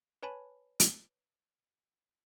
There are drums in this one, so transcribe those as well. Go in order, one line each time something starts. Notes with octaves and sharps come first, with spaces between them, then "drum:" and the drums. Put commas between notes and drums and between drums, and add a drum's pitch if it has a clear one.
B4 C#5 G#5 A5 B5
drum: hi-hat